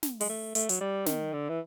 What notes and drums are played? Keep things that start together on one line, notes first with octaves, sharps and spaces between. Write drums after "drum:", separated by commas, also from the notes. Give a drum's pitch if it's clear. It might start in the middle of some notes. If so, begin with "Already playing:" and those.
drum: snare
G#3, drum: open hi-hat
A3
A3, drum: hi-hat
F#3, drum: hi-hat
G3
D#3, drum: snare
D3
E3